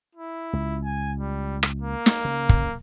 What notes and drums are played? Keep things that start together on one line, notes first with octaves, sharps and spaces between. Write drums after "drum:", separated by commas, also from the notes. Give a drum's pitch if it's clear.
E4
C#2
G#5
G3
drum: rim click
A#3
drum: snare
C#3
drum: kick